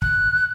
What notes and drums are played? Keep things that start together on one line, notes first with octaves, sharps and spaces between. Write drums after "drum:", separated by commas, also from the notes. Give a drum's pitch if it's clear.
F#6, drum: kick